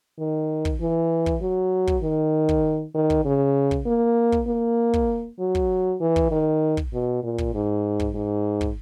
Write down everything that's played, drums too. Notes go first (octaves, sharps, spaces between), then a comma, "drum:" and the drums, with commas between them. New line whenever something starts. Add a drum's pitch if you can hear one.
D#3
drum: kick
E3
drum: kick
F#3
drum: kick
D#3
drum: kick
D#3
drum: kick
C#3
drum: kick
A#3
drum: kick
A#3
drum: kick
F#3
drum: kick
E3
drum: kick
D#3
drum: kick
B2
A#2
drum: kick
G#2
drum: kick
G#2
drum: kick